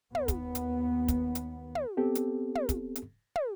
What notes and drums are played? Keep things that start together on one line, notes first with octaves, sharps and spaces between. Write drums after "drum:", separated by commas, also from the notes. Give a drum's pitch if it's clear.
D#2 B3, drum: tom
drum: kick, hi-hat
drum: hi-hat
drum: kick, hi-hat
drum: hi-hat
drum: tom
B3 C4 G4 A4
drum: hi-hat
drum: tom
drum: kick, hi-hat
drum: hi-hat
drum: tom